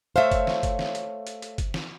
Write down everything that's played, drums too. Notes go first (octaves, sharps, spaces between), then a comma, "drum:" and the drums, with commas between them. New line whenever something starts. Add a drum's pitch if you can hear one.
A3 C5 C#5 E5 F5
drum: kick F#1, hi-hat
drum: snare
drum: kick F#1, hi-hat
drum: snare
drum: hi-hat
drum: hi-hat
drum: hi-hat
drum: kick F#1, hi-hat
drum: snare